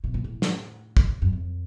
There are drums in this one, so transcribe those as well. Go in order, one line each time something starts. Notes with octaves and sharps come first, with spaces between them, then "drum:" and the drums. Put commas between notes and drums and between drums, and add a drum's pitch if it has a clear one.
B2
A#2
A2
drum: snare
drum: kick
F#2
F2